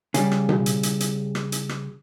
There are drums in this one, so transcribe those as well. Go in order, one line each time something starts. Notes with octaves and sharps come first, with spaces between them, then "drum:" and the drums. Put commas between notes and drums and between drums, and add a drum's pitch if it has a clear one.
C#3 G3, drum: hi-hat
drum: rim click
drum: tom B2
drum: hi-hat
drum: hi-hat
drum: hi-hat
drum: rim click
drum: hi-hat
drum: rim click